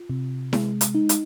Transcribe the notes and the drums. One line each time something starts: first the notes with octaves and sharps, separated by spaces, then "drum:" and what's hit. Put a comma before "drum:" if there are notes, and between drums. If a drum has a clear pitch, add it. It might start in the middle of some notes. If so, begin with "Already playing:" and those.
Already playing: F4
C3
G#3, drum: snare E4
drum: hi-hat
D#4
drum: hi-hat